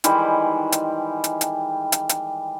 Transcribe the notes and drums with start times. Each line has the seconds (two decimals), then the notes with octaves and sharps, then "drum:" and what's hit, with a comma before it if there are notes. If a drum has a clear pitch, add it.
0.04 D#3 E3 G3 G#3, drum: hi-hat
0.72 drum: hi-hat
1.24 drum: hi-hat
1.41 drum: hi-hat
1.92 drum: hi-hat
2.09 drum: hi-hat